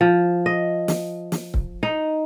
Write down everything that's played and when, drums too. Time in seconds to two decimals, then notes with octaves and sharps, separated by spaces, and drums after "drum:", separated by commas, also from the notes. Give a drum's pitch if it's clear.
0.01 F3
0.46 D#5
0.88 drum: snare
1.32 drum: snare
1.54 drum: kick C#1
1.83 D#4